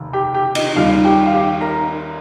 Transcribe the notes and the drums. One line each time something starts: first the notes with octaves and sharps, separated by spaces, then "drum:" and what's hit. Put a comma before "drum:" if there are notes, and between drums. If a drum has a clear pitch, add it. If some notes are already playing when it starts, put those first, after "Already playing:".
Already playing: F1 D#2
G4 G5
G4 G5
D#4 D#5, drum: cymbal
D#2 D#3 G3 F4 F5
G4 G5
F5
G4 G5
A#4 A#5